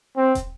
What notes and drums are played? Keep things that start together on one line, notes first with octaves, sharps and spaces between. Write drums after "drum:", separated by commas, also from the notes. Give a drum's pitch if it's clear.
C4
drum: kick, hi-hat